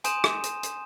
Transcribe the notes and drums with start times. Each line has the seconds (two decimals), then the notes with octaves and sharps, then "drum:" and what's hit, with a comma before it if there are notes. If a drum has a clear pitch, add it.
0.04 G#5 C6 D#6 G6 D#7 E7, drum: hi-hat
0.24 drum: rim click
0.44 drum: hi-hat
0.63 drum: hi-hat